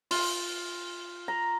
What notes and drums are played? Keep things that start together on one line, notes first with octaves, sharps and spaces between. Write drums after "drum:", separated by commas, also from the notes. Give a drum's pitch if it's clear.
F4, drum: open hi-hat
A#5